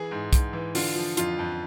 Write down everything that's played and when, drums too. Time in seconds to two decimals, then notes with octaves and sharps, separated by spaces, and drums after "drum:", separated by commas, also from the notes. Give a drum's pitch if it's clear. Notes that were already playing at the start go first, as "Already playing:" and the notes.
Already playing: E3 G#4
0.11 G#2
0.33 G#2, drum: kick, hi-hat
0.53 E3
0.75 D3 F4, drum: open hi-hat
0.95 F3
1.17 F2 F4, drum: hi-hat
1.39 F2